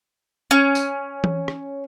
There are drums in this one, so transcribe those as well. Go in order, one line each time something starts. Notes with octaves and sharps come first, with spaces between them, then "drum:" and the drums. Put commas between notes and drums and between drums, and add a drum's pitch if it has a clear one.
C#4
drum: tambourine
drum: tom E3
drum: rim click